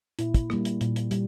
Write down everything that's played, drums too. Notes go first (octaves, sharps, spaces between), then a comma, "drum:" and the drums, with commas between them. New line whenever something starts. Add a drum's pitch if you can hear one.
A#2 E4, drum: hi-hat
drum: kick, hi-hat
G3 A#3, drum: rim click
drum: hi-hat
A#2, drum: hi-hat
drum: hi-hat
G3, drum: hi-hat